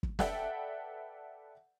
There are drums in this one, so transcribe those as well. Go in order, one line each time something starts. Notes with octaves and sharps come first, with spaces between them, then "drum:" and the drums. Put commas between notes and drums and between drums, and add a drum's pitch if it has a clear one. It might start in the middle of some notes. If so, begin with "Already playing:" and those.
drum: kick
A4 B4 D5 E5 F#5 G5, drum: snare